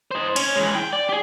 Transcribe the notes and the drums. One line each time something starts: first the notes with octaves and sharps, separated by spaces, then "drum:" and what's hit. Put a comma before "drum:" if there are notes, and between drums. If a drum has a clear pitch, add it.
C5 D#5
C#4, drum: cymbal
E3 G#3
G5
D5
G4 G#4